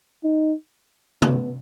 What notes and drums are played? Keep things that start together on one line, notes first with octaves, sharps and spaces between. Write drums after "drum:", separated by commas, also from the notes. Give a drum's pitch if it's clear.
D#4
B3, drum: tom C3